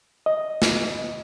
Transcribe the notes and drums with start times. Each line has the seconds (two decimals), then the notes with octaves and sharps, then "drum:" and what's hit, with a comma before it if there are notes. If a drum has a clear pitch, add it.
0.26 D#5
0.62 drum: snare